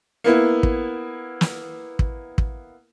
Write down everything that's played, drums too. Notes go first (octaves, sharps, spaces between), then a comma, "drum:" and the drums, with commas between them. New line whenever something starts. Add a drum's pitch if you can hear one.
A#3 B3 E4
drum: kick
drum: snare
drum: kick
drum: kick